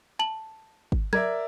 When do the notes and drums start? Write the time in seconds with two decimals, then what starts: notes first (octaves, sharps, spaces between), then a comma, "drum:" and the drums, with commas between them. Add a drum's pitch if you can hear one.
0.19 A5 F#7
0.92 drum: kick
1.13 A#4 D5 E5 G#6, drum: tom F#3